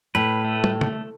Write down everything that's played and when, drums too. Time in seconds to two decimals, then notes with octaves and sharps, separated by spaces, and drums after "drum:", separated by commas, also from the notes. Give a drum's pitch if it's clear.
0.15 A2 B4
0.45 A3
0.64 drum: tom
0.81 drum: tom